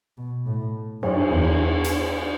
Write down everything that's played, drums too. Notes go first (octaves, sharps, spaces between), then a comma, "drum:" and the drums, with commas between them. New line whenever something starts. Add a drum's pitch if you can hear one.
B2
A2
F#2, drum: cymbal
E2
drum: hi-hat